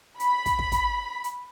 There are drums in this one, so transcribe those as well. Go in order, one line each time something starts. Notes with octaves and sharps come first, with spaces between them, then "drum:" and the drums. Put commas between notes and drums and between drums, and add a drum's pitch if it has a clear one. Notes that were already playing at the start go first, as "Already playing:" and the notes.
B5, drum: hi-hat
drum: kick, hi-hat
drum: kick
drum: kick, hi-hat
drum: hi-hat